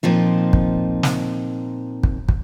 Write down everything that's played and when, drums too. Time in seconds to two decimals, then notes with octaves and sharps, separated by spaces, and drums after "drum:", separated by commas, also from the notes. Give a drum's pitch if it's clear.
0.03 A#2 F3 C4 D#4
0.53 drum: kick
1.03 drum: snare
2.04 drum: kick
2.29 drum: kick